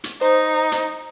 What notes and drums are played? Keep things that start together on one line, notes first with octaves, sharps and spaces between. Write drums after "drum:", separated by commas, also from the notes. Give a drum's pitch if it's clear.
drum: hi-hat
D#4 C5
drum: hi-hat